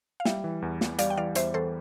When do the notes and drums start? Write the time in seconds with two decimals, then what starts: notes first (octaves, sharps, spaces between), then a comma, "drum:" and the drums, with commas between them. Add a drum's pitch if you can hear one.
0.20 F5
0.25 G3 E5 G5, drum: snare
0.44 E3
0.62 E2
0.81 E2, drum: snare
0.99 G3 D5 F5, drum: hi-hat
1.10 G5
1.17 E3 D5 F5
1.35 E2 C5 E5, drum: hi-hat
1.54 E2 A4 C5